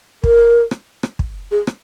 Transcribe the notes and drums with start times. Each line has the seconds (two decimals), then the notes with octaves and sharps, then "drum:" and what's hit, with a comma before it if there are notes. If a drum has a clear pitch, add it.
0.24 A#4, drum: kick
0.71 drum: rim click
1.03 drum: rim click
1.19 drum: kick
1.51 G#4
1.67 drum: rim click